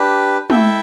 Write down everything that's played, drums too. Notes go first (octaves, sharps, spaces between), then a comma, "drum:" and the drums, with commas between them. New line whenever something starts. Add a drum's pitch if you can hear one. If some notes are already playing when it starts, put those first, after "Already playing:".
Already playing: D4 G4 B4
E4 A4 E5 G5, drum: tom